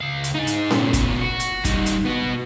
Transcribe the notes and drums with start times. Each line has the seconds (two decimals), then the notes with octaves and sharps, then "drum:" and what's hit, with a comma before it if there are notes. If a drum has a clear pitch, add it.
0.01 C#2 F5
0.24 drum: hi-hat
0.35 D#4 G#4
0.47 drum: hi-hat
0.70 A#2 B3, drum: snare C#4
0.93 drum: kick, hi-hat
1.21 F#4
1.39 drum: hi-hat
1.64 G3 D#4, drum: kick, hi-hat
1.86 drum: hi-hat
2.05 B3 F#4